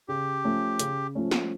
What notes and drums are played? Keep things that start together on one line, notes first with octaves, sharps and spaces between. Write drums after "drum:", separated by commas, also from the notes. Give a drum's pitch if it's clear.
C#3 G4
F3 A3 C#4
C#3, drum: hi-hat
F3 A3 C#4
drum: snare